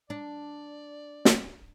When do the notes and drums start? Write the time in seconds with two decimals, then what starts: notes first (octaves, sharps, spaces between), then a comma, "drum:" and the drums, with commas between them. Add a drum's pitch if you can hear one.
0.09 D4 D5
1.25 drum: snare